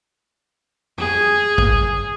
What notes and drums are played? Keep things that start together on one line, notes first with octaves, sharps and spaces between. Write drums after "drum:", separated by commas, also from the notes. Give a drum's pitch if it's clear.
G#4, drum: tom F2
drum: kick